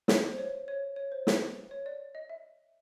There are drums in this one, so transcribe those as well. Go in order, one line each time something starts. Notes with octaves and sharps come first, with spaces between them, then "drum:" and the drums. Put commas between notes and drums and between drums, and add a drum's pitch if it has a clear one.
D5, drum: snare
C5
C#5
C#5
C#5
C5
B4, drum: snare
C#5
D5
D#5
E5